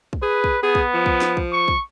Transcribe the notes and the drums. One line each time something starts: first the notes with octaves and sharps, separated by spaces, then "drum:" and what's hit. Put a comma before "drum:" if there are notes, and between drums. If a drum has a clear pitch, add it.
drum: kick
G#4 B4
drum: kick
B3 G#4
drum: kick
F3
drum: kick
drum: snare
drum: kick
C#6
drum: kick